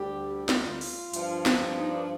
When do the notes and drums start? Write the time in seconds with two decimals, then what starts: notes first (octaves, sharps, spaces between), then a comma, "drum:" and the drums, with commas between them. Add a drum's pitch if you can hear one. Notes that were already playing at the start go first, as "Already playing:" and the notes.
Already playing: D2 D3 G3 G4
0.49 F4, drum: snare
0.81 drum: open hi-hat
1.14 G2 F3, drum: hi-hat
1.46 drum: snare
1.78 D#4
1.91 D4